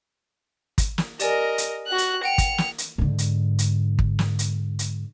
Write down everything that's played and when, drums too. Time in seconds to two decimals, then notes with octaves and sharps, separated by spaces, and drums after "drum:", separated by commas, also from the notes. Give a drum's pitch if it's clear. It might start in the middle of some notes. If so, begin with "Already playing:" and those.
0.78 drum: kick, hi-hat
0.98 drum: snare
1.19 G4 A#4 D5 D#5 G#5, drum: hi-hat
1.58 drum: hi-hat
1.87 F#4 F#6
1.98 drum: hi-hat
2.24 F#5 G5 C#7 F7
2.38 drum: kick, hi-hat
2.58 drum: snare
2.78 drum: hi-hat
2.98 G#2 D3
3.18 drum: hi-hat
3.59 drum: hi-hat
3.99 drum: kick
4.19 drum: snare
4.39 drum: hi-hat
4.79 drum: hi-hat